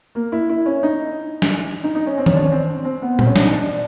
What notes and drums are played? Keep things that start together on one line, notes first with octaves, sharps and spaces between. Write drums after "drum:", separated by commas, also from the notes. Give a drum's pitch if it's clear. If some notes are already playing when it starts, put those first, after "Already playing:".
A#3
E4
E4
C#4
D#4
drum: snare
D#4
D#4
C#4
C4
C#4, drum: tom D#3
D4
C#4
C4
C4
B3
C4, drum: tom A#2
C#4
D4, drum: snare
D#4
D4